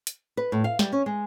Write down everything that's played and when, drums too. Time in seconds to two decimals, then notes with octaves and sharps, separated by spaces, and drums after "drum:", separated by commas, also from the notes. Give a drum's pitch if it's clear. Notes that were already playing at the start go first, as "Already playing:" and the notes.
0.07 drum: hi-hat
0.37 B4
0.52 A2
0.64 F5
0.79 G3, drum: snare
0.92 C#4
1.06 G#3